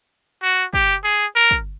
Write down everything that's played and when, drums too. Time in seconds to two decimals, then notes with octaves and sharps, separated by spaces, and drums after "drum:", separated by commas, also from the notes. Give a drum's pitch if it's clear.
0.43 F#4
0.73 G4, drum: kick
1.04 G#4
1.35 A#4
1.51 drum: kick